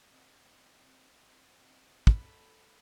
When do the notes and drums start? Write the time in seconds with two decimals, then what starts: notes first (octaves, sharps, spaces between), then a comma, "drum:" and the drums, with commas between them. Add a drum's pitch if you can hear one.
0.12 C4 D#5 F#5
2.07 A4 B5, drum: kick